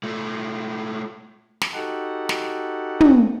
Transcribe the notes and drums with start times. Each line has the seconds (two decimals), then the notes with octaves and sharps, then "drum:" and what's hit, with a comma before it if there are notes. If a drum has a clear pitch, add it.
0.03 A#2 A3
1.62 drum: snare
1.74 D#4 F#4 G4 A4 F#5
2.29 drum: snare
3.00 drum: tom